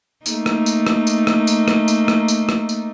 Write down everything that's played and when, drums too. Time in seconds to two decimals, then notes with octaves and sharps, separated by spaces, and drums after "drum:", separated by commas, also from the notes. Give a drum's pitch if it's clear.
0.26 A3 A#3 D#4, drum: tambourine
0.46 drum: rim click
0.66 drum: tambourine
0.87 drum: rim click
1.07 drum: tambourine
1.27 drum: rim click
1.47 drum: tambourine
1.68 drum: rim click
1.88 drum: tambourine
2.08 drum: rim click
2.28 drum: tambourine
2.49 drum: rim click
2.69 drum: tambourine